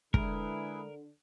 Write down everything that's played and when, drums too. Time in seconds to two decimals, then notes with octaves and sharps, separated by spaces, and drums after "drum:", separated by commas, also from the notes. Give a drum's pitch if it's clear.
0.14 D3 G#3 E4 G#4 A#4 B4, drum: kick